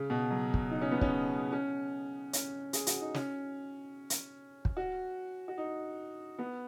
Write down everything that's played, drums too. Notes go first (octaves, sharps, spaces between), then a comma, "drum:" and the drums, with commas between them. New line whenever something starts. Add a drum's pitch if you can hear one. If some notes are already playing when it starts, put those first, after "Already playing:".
Already playing: C#3
B2
F#3
drum: kick
D#4
C#4
B3
C#4, drum: kick
C#4
C#4, drum: hi-hat
G#4, drum: hi-hat
F#4, drum: hi-hat
D#4
C#4, drum: snare
drum: hi-hat
drum: kick
F#4
F#4
D#4
B3